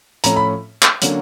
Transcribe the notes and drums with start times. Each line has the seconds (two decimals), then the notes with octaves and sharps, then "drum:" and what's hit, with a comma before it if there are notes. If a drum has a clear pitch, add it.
0.24 A2 F3 A3 C#4 A#5, drum: hi-hat
0.36 B5
0.82 drum: clap
1.02 D3 F#3 A#3 C#4, drum: hi-hat